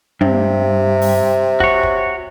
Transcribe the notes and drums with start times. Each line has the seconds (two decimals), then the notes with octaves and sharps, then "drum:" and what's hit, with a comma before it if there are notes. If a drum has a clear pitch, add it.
0.21 G2 C3, drum: tom
1.02 drum: open hi-hat
1.60 F#4 C#5, drum: kick
1.83 drum: kick